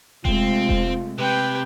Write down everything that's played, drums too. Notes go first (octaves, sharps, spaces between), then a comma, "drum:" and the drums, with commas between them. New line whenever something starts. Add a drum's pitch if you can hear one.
C3 G#3 A3 C4 F4, drum: kick E1
drum: kick E1
C3 B4 G5